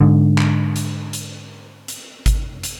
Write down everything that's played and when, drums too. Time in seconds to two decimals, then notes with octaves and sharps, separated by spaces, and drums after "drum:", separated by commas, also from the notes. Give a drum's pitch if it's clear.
0.01 G#2 D3
0.38 drum: clap
0.76 drum: hi-hat
1.13 drum: hi-hat
1.88 drum: hi-hat
2.26 drum: kick G#1, hi-hat
2.63 drum: hi-hat